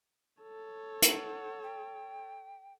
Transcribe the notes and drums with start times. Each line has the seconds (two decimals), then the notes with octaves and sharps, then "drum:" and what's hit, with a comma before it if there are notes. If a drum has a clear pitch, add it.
0.42 A4 C#5
1.02 F#5, drum: hi-hat
1.63 G5